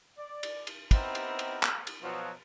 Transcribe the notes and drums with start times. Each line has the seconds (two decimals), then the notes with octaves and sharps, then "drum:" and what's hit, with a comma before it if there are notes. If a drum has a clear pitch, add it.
0.18 D5
0.43 drum: cymbal
0.67 drum: cymbal
0.91 B3 C4 D#4 E4 G4 A#4, drum: kick, cymbal
1.15 drum: cymbal
1.39 drum: cymbal
1.63 drum: clap
1.87 drum: cymbal
2.03 B2 F3 F#3